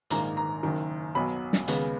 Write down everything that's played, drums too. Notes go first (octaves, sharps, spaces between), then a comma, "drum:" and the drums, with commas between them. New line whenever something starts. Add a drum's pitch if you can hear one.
A#1 G#2 D#3 A#3 A#5, drum: hi-hat
A#5
F#1 F#2 D#3
B1 B2 F#3 B5
drum: snare
D#2 C#3 G#3 B3, drum: hi-hat